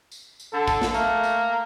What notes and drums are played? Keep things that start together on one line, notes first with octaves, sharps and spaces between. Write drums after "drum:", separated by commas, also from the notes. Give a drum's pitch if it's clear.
drum: tambourine
drum: tambourine
D3 A4
drum: kick, tambourine
drum: snare
A3 A#3, drum: tambourine
drum: tambourine